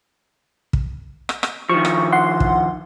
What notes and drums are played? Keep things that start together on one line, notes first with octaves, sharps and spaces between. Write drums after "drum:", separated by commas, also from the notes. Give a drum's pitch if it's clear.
drum: kick
drum: rim click
drum: rim click
D#3 F3 C#6
drum: rim click
F#5 C6
drum: kick